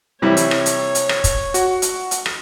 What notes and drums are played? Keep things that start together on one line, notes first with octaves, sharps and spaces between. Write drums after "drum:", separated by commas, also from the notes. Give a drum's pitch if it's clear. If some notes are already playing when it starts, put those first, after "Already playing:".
C3 E3 G3 E4 C#5
drum: hi-hat
drum: rim click
drum: hi-hat
drum: hi-hat
drum: rim click
drum: kick, hi-hat
F#4, drum: hi-hat
drum: hi-hat
drum: hi-hat
drum: rim click